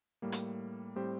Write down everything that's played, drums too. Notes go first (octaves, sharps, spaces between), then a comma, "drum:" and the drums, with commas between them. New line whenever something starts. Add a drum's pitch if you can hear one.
A2 G3 A#3
drum: hi-hat
A2 G3 C4 G4 C5